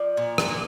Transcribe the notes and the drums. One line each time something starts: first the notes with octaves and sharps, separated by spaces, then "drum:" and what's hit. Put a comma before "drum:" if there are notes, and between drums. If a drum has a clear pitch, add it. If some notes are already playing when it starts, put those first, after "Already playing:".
Already playing: F3 D5
A#2
drum: rim click
A#3